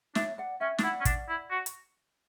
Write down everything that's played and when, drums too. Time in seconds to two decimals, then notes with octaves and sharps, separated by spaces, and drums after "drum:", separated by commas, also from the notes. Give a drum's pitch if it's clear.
0.15 D4 C#5 E5, drum: snare
0.38 D5 F#5
0.61 C#4 E5 G5
0.78 D4, drum: snare
0.83 E4 D5 F#5
1.01 C#4
1.05 D4, drum: kick, hi-hat
1.29 E4
1.51 F#4
1.66 drum: hi-hat